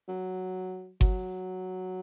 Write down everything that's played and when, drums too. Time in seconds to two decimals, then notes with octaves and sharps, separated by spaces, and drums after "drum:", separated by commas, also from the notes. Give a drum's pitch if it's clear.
0.09 F#3
1.01 F#3, drum: kick G1